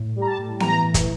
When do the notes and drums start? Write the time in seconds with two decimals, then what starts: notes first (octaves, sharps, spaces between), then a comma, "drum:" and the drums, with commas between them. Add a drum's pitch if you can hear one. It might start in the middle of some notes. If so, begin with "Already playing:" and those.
Already playing: A2
0.16 G3
0.22 A#5
0.27 A5
0.38 A2
0.60 E3 A#5, drum: snare B3
0.83 A2
0.94 drum: kick, hi-hat